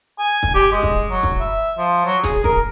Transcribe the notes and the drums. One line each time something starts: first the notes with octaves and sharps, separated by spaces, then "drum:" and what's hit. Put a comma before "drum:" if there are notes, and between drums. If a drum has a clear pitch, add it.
G#5
drum: kick
G4
G#3
drum: kick
F#3
drum: kick
E5
F3
F#3
G#4, drum: kick, hi-hat
A#4, drum: kick